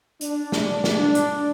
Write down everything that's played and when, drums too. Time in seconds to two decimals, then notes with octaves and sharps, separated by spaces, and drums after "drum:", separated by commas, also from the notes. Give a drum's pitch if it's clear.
0.21 D4, drum: hi-hat
0.52 drum: snare
0.84 D4, drum: snare
1.15 drum: hi-hat